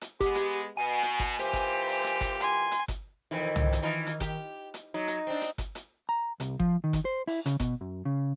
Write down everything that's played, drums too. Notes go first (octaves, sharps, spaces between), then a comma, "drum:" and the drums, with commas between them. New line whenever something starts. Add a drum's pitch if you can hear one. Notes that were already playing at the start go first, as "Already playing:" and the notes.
drum: hi-hat
G#3 B3 G4, drum: kick G1, hi-hat
drum: hi-hat
B2 G#5
drum: hi-hat
drum: kick G1, hi-hat
A#2 E3 G4 C5, drum: hi-hat
drum: kick G1, hi-hat
drum: open hi-hat
drum: hi-hat
drum: kick G1, hi-hat
G#5 C6, drum: hi-hat
drum: hi-hat
drum: kick G1, hi-hat
F2 C3 D#3 E3
drum: tom
drum: hi-hat
E3 D#4 F4
drum: hi-hat
G4, drum: kick G1, hi-hat
drum: hi-hat
F#3 D#4
drum: hi-hat
C4 D4
drum: hi-hat
drum: kick G1, hi-hat
drum: hi-hat
A#5
C2, drum: hi-hat
F3, drum: kick G1
D#3
drum: kick G1, hi-hat
C5
E4, drum: open hi-hat
C#3, drum: hi-hat
B2, drum: kick G1, hi-hat
F#2
C#3